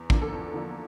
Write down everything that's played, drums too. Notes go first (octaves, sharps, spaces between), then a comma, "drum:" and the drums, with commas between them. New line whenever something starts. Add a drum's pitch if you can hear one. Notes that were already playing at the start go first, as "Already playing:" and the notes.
Already playing: E2
D3 F3 A#3 D4, drum: kick
A4
E2
D3 F3 A#3 D4